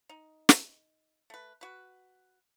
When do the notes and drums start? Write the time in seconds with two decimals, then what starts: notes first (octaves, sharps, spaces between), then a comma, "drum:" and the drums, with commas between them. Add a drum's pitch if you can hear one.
0.09 D#4
0.49 drum: snare
1.30 A3 B4
1.61 F#4 B4